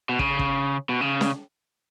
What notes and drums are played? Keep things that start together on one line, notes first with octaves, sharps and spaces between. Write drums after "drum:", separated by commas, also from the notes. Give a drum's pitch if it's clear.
B2
C#3, drum: kick
drum: kick
B2
C#3
drum: snare